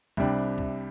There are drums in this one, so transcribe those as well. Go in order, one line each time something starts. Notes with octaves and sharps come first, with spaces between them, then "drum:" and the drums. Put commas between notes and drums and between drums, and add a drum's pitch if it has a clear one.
C2 C3 G3 D4, drum: kick
drum: kick